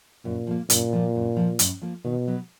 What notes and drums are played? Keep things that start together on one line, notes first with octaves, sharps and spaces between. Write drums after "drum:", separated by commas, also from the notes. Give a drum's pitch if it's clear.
F#2 A#2
F3 A#3
F#2 A#2, drum: hi-hat
F3 A#3
F#2
F3 A#3
F#2, drum: hi-hat
F3 A#3
B2 D#3
F#3 B3